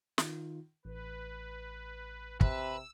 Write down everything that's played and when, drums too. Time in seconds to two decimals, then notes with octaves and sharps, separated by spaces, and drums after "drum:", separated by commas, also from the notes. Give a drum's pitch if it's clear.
0.18 D#3 D#4 F4, drum: snare
0.85 A1 B4
2.41 C3 B4 E6, drum: kick